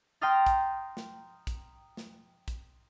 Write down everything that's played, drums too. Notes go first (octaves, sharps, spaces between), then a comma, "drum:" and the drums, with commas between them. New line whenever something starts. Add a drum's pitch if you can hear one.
G5 A#5 C6 D#6 F6 A6
drum: kick, hi-hat
drum: snare
drum: kick, hi-hat
drum: snare
drum: kick, hi-hat